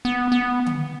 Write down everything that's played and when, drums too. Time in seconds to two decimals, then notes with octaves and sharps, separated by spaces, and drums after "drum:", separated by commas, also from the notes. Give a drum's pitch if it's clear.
0.05 B3
0.32 B3
0.66 drum: tom D3